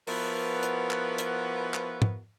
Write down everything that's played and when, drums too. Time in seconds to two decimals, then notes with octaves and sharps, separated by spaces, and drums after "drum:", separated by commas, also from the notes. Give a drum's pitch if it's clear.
0.07 F3 B3 E4 F#4 A#4 B4, drum: open hi-hat
0.63 drum: hi-hat
0.91 drum: clap
1.18 drum: hi-hat
1.74 drum: clap
2.02 drum: tom